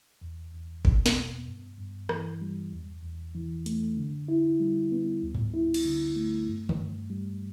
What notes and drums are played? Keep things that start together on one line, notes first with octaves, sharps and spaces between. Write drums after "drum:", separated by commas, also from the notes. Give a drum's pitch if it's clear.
E2
E2
B2, drum: kick
drum: snare
B3
G2
G2
E3, drum: rim click
G3
E2
E2
E3
A3, drum: hi-hat
D3
E4
G3
B3
D2
drum: tom G#2
E4
drum: cymbal
D3
A3
G2
drum: tom D3
G2
G3